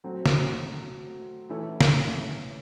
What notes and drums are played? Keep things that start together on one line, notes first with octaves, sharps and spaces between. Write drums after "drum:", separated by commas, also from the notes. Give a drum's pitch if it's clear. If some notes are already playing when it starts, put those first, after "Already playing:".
F#3 A3 C4
drum: snare
E3 A3 C#4 E4 A4
drum: snare